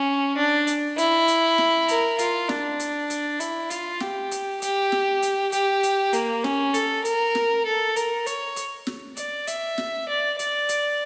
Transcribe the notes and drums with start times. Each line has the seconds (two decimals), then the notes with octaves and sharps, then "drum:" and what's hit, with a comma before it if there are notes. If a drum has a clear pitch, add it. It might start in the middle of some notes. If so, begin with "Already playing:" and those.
Already playing: C#4
0.37 D4
0.67 drum: hi-hat
0.98 E4, drum: hi-hat
1.28 drum: hi-hat
1.58 drum: snare
1.88 A#4, drum: hi-hat
2.19 F4, drum: hi-hat
2.49 D4, drum: snare
2.80 drum: hi-hat
3.10 drum: hi-hat
3.40 E4, drum: hi-hat
3.70 F4, drum: hi-hat
4.00 G4, drum: snare
4.31 drum: hi-hat
4.62 G4, drum: hi-hat
4.92 drum: snare
5.22 drum: hi-hat
5.52 G4, drum: hi-hat
5.83 drum: hi-hat
6.13 A#3, drum: hi-hat
6.44 C#4, drum: snare
6.74 A4, drum: hi-hat
7.05 A#4, drum: hi-hat
7.35 drum: snare
7.66 A4
7.96 A#4, drum: hi-hat
8.26 C#5, drum: hi-hat
8.56 drum: hi-hat
8.87 drum: snare
9.17 D5, drum: hi-hat
9.47 E5, drum: hi-hat
9.78 drum: snare
10.09 D5
10.39 D5, drum: hi-hat
10.69 drum: hi-hat